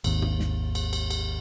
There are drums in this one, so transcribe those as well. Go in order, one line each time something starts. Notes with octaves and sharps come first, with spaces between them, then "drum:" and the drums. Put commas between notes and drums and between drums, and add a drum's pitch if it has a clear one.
G#1 D#2, drum: cymbal
drum: tom
drum: snare
drum: cymbal
drum: cymbal
drum: cymbal